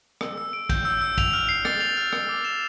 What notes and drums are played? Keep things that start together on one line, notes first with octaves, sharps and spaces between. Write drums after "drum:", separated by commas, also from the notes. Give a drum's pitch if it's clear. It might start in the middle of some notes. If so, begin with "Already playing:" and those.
E6, drum: rim click
E6
D7
G6, drum: kick, cymbal
E6
E6
F7, drum: kick, cymbal
F6
C7
A6, drum: rim click
F7
F6
G7, drum: rim click
D6
E7